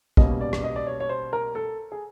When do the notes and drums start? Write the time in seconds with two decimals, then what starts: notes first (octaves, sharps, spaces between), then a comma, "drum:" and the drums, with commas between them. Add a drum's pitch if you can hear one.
0.17 B2 G3 A#3 C#4 D#5, drum: kick
0.41 D5
0.53 drum: rim click
0.64 D#5
0.76 D5
0.87 C#5
1.00 C#5
1.09 C5
1.33 A#4
1.55 A4
1.92 G#4